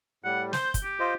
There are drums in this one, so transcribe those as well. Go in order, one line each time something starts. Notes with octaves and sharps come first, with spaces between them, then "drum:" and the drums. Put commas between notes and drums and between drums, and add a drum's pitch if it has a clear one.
A2 G3 F#5
C5 G6, drum: snare
drum: kick, hi-hat
G4
F4 C5 D#5